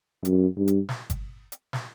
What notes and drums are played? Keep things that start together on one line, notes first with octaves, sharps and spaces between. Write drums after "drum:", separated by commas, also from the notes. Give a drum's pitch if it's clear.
F#2, drum: hi-hat
G2
drum: hi-hat
drum: snare
drum: kick G1, hi-hat
drum: hi-hat
drum: snare